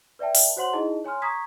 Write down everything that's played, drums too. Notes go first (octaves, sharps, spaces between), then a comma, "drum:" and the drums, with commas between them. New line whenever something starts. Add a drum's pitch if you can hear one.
B4 D5 E5 G5 A5
drum: open hi-hat
F#4 C5 C#5 F#5 C6 F#7
D#4 E4 G#4 D#5 A5
C#5 G#5 C6 F6
A#5 C#6 D#6 G#6 B6